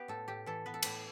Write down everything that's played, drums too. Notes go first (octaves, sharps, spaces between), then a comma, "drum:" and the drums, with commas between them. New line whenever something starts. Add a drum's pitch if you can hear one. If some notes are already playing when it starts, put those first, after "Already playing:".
Already playing: B3 G4
A2 A4
A2 G4
E3 A4
B3 B4
A4
A2 B4, drum: cymbal